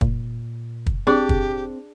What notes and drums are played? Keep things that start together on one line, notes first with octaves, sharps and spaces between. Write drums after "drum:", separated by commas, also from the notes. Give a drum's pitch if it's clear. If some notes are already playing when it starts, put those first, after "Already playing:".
A#2, drum: kick
drum: kick
C4 D4 G4 G#4
drum: kick